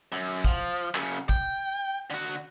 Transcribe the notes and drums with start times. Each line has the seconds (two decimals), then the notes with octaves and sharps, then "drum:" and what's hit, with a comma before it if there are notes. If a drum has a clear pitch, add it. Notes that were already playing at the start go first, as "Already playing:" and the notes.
0.12 F#2
0.44 F3, drum: kick
0.95 F#2 C#3, drum: clap
1.29 G5, drum: kick
2.10 D3 F#4